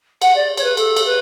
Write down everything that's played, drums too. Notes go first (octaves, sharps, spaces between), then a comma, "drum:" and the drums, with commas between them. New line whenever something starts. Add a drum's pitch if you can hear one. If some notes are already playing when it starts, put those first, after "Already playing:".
F#5, drum: cymbal
D5
C#5, drum: cymbal
B4
A4, drum: cymbal
drum: cymbal
B4